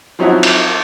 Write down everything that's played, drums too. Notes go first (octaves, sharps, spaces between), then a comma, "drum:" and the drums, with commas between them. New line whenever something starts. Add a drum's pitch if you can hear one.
F3 F#3 C4 D#4 E4 F#4
drum: cymbal